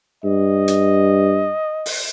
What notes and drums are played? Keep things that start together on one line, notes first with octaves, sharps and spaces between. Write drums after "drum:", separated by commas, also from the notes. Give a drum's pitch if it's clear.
G2 D#5
drum: hi-hat
drum: open hi-hat